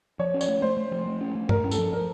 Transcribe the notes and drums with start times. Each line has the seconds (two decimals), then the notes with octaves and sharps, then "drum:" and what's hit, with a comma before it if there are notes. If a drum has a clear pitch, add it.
0.19 F3 C#5
0.34 C#4
0.41 C#5, drum: tambourine
0.48 A3
0.62 A3 C5
0.77 A3
0.92 F3
1.06 A3
1.21 C#4
1.35 A3
1.49 A3 A#4, drum: tom G2
1.64 C#4
1.71 A4, drum: tambourine
1.78 F3
1.92 A#4